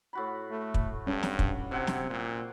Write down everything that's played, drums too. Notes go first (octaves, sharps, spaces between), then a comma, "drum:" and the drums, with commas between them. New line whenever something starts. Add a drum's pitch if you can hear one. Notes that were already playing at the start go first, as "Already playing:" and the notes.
A2 F#4 B5
A3
drum: kick
G2 C#4 D4
drum: snare
drum: kick
C3 C4 F#5 G#5
drum: snare
A#2